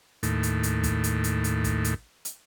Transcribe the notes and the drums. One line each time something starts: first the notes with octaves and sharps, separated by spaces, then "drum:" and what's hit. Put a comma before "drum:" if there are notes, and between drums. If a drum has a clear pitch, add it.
D#2 A2, drum: hi-hat
drum: hi-hat
drum: hi-hat
drum: kick, hi-hat
drum: hi-hat
drum: hi-hat
drum: hi-hat
drum: kick, hi-hat
drum: hi-hat
drum: hi-hat